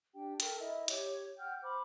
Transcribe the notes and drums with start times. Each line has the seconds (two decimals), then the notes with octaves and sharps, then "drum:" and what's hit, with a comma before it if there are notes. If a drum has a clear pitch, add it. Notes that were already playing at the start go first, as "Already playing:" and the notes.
0.14 D4 G4 G5
0.40 A4 A#4 G5, drum: hi-hat
0.60 E4 D#5 E5
0.88 G4 C#5, drum: hi-hat
1.38 F#5 G5 F6 G6
1.63 C5 B5 D6